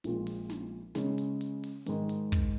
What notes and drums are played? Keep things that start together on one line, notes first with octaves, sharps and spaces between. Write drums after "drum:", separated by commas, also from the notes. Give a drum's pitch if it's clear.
A#1 A#2 G#3 C4 F4, drum: hi-hat
drum: open hi-hat
drum: snare
C#3 G#3 C#4, drum: snare
drum: hi-hat
drum: hi-hat
drum: open hi-hat
G#2 D#3 G#3, drum: hi-hat
drum: hi-hat
drum: kick, hi-hat